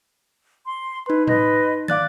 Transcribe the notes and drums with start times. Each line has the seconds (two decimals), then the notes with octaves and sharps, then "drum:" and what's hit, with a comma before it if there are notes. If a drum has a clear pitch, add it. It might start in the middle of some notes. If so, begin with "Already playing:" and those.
0.66 C6
1.06 D#4 B4 C6
1.27 B4 D#5, drum: tom A2
1.88 D5 F5 D6 F#6 A6, drum: tom